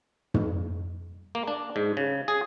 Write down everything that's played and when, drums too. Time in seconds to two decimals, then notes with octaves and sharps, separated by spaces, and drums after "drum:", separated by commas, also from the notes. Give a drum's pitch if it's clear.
0.34 drum: tom
1.35 A#3
1.47 D4
1.76 G#2
1.97 C#3
2.28 G#4